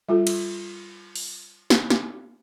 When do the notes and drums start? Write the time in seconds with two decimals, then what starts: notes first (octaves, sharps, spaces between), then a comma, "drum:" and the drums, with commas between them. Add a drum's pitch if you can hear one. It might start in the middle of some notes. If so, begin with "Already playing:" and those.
0.09 G3 F4 A4
0.27 drum: cymbal
1.16 drum: open hi-hat
1.70 drum: snare
1.90 drum: snare